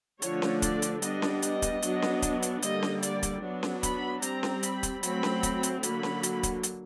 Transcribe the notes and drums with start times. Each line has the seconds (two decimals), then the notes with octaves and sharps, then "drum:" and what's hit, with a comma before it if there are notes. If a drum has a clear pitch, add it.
0.22 D3 F3 A3 D4 C#5, drum: hi-hat
0.42 drum: snare C#4
0.62 D5, drum: kick, hi-hat
0.82 drum: hi-hat
1.02 G3 B3 D4 D#5, drum: hi-hat
1.22 drum: snare C#4
1.42 D#5, drum: hi-hat
1.62 drum: kick, hi-hat
1.82 F#3 B3 D4, drum: hi-hat
2.02 drum: snare C#4
2.22 drum: kick, hi-hat
2.42 drum: hi-hat
2.62 D3 G3 A#3 D#5, drum: hi-hat
2.83 drum: snare C#4
3.03 D5, drum: hi-hat
3.23 drum: kick, hi-hat
3.42 F#3 B3 D4
3.63 drum: snare C#4
3.83 B5, drum: kick, hi-hat
4.22 G3 C4 A#5, drum: hi-hat
4.43 drum: snare C#4
4.63 B5, drum: hi-hat
4.83 drum: kick, hi-hat
5.03 F#3 A3 C4 B5, drum: hi-hat
5.23 drum: snare C#4
5.43 drum: kick, hi-hat
5.63 drum: hi-hat
5.83 D3 F#3 A#3 B5, drum: hi-hat
6.03 drum: snare C#4
6.23 drum: hi-hat
6.43 drum: kick, hi-hat
6.63 drum: hi-hat